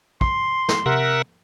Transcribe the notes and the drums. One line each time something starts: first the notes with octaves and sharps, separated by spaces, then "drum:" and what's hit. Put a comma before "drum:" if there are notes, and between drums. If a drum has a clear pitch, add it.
C6, drum: kick
drum: snare
C3 A#4 E5 F#5